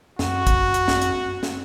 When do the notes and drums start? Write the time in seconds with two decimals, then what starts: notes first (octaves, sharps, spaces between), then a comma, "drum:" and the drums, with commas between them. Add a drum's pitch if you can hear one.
0.19 F#2 F#4, drum: snare
0.47 drum: kick, hi-hat
0.74 drum: hi-hat
0.88 drum: snare
1.02 drum: hi-hat
1.43 drum: snare